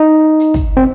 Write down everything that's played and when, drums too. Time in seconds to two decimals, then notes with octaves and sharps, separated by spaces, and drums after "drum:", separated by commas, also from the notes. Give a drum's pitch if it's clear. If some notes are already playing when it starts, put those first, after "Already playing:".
Already playing: D#4
0.40 drum: hi-hat
0.54 drum: kick, hi-hat
0.77 C4